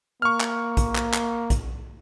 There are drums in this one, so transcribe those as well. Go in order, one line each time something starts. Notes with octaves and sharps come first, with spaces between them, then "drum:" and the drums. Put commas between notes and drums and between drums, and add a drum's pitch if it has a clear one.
A#3 C#6 F6
drum: clap
drum: kick A1, hi-hat
drum: clap
drum: clap
drum: kick A1, hi-hat